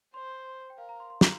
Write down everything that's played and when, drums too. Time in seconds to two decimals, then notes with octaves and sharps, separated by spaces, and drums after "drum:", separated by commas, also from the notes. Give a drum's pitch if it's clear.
0.14 C5 C6
0.70 G5
0.78 A#4 F5
0.89 A#5
1.00 C6
1.10 C6
1.21 A#5, drum: snare